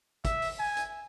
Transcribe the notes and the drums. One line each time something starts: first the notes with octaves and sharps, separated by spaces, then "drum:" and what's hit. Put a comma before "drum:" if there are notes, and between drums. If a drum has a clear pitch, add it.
E5, drum: kick, hi-hat
drum: open hi-hat
G#5
drum: hi-hat